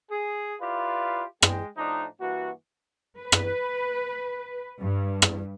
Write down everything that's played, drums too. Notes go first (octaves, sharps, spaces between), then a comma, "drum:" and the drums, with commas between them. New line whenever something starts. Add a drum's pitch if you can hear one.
G#4
E4 F4 G4 B4 D5 F5
G#3 G5, drum: rim click
A2 F3 D4 D#4
G2 E3 A#3 F#4
B4
drum: rim click
G2
drum: rim click